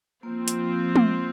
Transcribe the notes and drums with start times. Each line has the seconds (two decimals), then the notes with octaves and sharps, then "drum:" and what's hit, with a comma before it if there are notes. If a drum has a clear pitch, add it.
0.23 F3 A#3 C4 F4
0.48 drum: hi-hat
0.96 drum: tom G#3